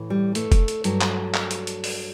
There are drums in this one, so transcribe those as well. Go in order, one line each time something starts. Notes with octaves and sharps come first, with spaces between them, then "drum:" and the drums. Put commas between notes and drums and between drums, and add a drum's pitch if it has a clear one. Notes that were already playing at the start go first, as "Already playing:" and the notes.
Already playing: A2 E3
G3
A3, drum: hi-hat
drum: kick F1, hi-hat
drum: hi-hat
G2 F#3, drum: hi-hat
drum: clap
drum: clap
drum: hi-hat
drum: hi-hat
drum: open hi-hat